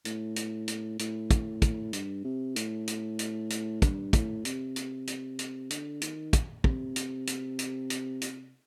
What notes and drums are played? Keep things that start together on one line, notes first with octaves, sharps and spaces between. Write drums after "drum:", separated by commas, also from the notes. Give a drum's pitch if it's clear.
A2, drum: hi-hat
drum: hi-hat
drum: hi-hat
A2, drum: hi-hat
drum: kick, hi-hat
drum: kick, hi-hat
G2, drum: hi-hat
C3
A2, drum: hi-hat
drum: hi-hat
drum: hi-hat
drum: hi-hat
G2, drum: kick, hi-hat
A2, drum: kick, hi-hat
C3, drum: hi-hat
drum: hi-hat
drum: hi-hat
drum: hi-hat
D3, drum: hi-hat
D#3, drum: hi-hat
drum: kick, hi-hat
C3, drum: kick
drum: hi-hat
drum: hi-hat
drum: hi-hat
drum: hi-hat
drum: hi-hat